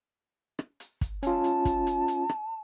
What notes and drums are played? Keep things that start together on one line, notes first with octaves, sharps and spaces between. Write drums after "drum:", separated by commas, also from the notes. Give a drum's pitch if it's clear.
drum: rim click
drum: hi-hat
drum: kick, hi-hat
C#4 F4 A5, drum: hi-hat
drum: hi-hat
drum: kick, hi-hat
drum: hi-hat
drum: hi-hat
drum: rim click